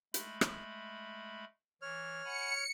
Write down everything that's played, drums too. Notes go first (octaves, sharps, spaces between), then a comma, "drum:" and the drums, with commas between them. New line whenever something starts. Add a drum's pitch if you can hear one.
G#3 A3 B5, drum: hi-hat
drum: rim click
E3 C#5 F6
F#5 G#5 B5 C#7